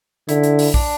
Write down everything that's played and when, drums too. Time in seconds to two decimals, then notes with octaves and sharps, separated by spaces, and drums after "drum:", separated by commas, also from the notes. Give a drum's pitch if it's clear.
0.29 D3 E4, drum: hi-hat
0.43 drum: hi-hat
0.59 drum: open hi-hat
0.74 D4, drum: kick A#1